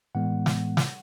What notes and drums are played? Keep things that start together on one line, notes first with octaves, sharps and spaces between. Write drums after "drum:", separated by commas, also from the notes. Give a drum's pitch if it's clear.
A2 E3 G#3 B3 F#5
drum: snare
drum: snare